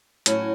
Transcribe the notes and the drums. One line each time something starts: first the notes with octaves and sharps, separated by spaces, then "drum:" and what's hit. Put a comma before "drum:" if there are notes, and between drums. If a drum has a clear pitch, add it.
A2 F#3 C#4 F#4, drum: hi-hat